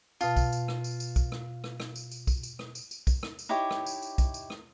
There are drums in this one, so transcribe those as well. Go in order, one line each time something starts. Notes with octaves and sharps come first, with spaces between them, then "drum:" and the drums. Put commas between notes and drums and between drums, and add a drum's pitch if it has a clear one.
B2 F4 A5, drum: tambourine
drum: kick, tambourine
drum: tambourine
drum: rim click
drum: tambourine
drum: tambourine
drum: kick, tambourine
drum: rim click
drum: rim click
drum: rim click
drum: tambourine
drum: tambourine
drum: kick, tambourine
drum: tambourine
drum: rim click
drum: tambourine
drum: tambourine
drum: kick, tambourine
drum: rim click
drum: tambourine
D#4 E4 G4 C#5
drum: rim click
drum: tambourine
drum: tambourine
drum: kick, tambourine
drum: tambourine
drum: rim click